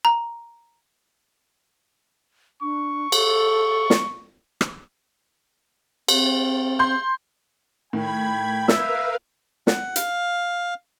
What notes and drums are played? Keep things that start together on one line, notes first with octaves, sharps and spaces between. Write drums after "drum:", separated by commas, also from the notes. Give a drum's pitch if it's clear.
A#5
D4 C#6
A4, drum: cymbal
drum: snare
drum: rim click
C4, drum: cymbal
C6 G6
A2 D#3 G5 B5 G#6
A#4 B4 E5 F5 E6 G6, drum: snare
F#5, drum: snare
F5, drum: hi-hat